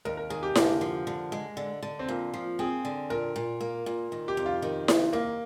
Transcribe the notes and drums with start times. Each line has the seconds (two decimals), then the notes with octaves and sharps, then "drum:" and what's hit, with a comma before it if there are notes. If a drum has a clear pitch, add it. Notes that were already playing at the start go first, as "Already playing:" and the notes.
0.05 D#2 A#4
0.17 A#4
0.30 D#3 G#4
0.43 G4
0.55 D3 A#3, drum: snare E4
0.81 F3
1.07 D3
1.32 G#3
1.57 D3
1.83 D3
1.99 C4
2.09 A#2 A#3
2.34 F3
2.59 C4 G#4
2.85 D3
3.10 A#2 A#4
3.36 A#2
3.61 A#3
3.86 A#2
4.12 D#3
4.28 G4
4.37 F2
4.46 F4
4.62 D#3
4.88 F2, drum: snare E4
5.13 D#2 A#3